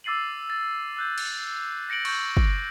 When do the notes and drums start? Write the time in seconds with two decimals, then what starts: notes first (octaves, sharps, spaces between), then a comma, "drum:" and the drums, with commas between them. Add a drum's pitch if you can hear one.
0.04 D6 E6 A6 C7 D#7 F#7
0.50 A6
0.97 E6 F#6 G6
1.18 drum: cymbal
1.89 G6 A#6 C#7 D7 F#7
2.05 C#6 G6, drum: cymbal
2.37 drum: kick